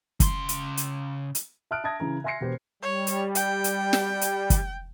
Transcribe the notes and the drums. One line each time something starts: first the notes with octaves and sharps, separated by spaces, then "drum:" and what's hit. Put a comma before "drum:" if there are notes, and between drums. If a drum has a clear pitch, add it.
C#3 C6, drum: kick, hi-hat
drum: hi-hat
drum: hi-hat
drum: hi-hat
E5 A5 D#6 F6 F#6 D7
E5 A5 D#6 G#6 A#6
C#3 E3 A#5
E5 G#5 C6 A#6 C7 C#7
E1 B3 G4 C5
G3 C#5
drum: hi-hat
G5, drum: hi-hat
drum: hi-hat
drum: snare
drum: hi-hat
drum: kick, hi-hat